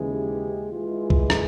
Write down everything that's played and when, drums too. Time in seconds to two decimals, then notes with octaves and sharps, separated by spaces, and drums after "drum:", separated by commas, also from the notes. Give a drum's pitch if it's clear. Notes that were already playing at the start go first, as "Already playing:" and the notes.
Already playing: D#2 C#3 E3 G#3
0.12 G4
0.71 E3 G#3 F4
1.10 drum: kick
1.30 drum: rim click